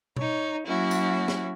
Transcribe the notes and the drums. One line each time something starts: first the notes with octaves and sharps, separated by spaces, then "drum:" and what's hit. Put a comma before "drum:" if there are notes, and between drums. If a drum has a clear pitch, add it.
D#4 C#5, drum: tom B2
F#3 A#3 C#4 E4 F#4
drum: tambourine
drum: snare